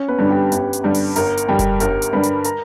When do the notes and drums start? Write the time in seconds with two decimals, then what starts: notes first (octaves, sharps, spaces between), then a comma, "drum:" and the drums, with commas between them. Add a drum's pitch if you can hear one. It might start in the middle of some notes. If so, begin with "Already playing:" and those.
Already playing: C#4 C#5
0.08 B3 B4
0.19 G2 D3 G3
0.30 G4 G5
0.52 G1, drum: hi-hat
0.73 drum: hi-hat
0.84 G2 D3 G3
0.94 drum: open hi-hat
1.16 G1 A#4 A#5, drum: hi-hat
1.37 drum: hi-hat
1.48 G2 D3 G3 G4 G5
1.59 drum: kick F1, hi-hat
1.80 G1 A#4 A#5, drum: hi-hat
2.02 drum: hi-hat
2.13 G2 D3 G3 B4 B5
2.23 drum: hi-hat
2.44 A#4 A#5, drum: hi-hat